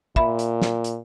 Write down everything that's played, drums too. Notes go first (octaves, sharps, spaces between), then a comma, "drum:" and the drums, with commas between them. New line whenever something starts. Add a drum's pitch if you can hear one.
A#2 E5 B5, drum: kick
drum: hi-hat
drum: snare
drum: hi-hat